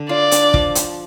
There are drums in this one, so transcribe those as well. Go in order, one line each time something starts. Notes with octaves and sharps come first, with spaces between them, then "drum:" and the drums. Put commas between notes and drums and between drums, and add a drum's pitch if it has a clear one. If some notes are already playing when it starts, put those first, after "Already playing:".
Already playing: D3
F4 D5
D4, drum: hi-hat
F3, drum: kick
drum: hi-hat